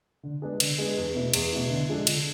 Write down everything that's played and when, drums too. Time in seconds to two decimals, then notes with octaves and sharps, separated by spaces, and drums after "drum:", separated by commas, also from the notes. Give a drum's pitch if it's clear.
0.23 D3
0.42 G#3 B3 D4 G#4
0.60 D3, drum: cymbal
0.78 G#3 B3 D4 G#4
0.97 E2
1.15 B2 A3 E4
1.33 E2, drum: cymbal
1.52 B2 A3 E4
1.70 D3
1.89 F3 G#3 D4 A4
2.07 D3, drum: cymbal